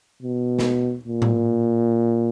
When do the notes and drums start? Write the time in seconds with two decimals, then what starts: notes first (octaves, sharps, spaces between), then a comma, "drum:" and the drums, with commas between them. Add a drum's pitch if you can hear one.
0.23 B2
0.59 drum: snare
1.05 A#2
1.22 drum: tom A2